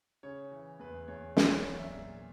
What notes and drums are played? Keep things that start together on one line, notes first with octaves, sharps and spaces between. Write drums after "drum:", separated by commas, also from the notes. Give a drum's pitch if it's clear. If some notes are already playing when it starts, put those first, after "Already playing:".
C#3 C#5
E3
E2 B4
E2 C#5
F#3, drum: snare
C#5
A#3 D5
E5
A#2